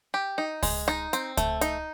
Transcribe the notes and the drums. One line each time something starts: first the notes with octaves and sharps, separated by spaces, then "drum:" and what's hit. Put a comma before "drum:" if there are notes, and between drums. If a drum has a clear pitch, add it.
G4
D#4
G#3, drum: kick C#2, open hi-hat
D#4, drum: rim click
C4, drum: hi-hat
A3, drum: kick C#2, hi-hat
D#4, drum: hi-hat